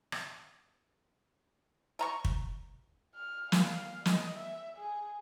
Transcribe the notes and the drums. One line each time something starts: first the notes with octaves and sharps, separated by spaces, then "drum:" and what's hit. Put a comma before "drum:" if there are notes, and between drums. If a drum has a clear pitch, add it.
drum: rim click
A3 A#5 C#6
drum: kick
F6
F5, drum: snare
D#5, drum: snare
E5
G#4